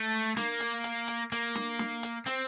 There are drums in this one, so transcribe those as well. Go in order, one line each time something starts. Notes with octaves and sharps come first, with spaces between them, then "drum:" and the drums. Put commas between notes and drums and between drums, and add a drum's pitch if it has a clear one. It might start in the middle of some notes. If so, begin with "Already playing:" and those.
Already playing: A3
A#3, drum: snare
drum: hi-hat
drum: hi-hat
drum: hi-hat
A#3, drum: hi-hat
drum: snare
drum: snare
drum: hi-hat
C4, drum: hi-hat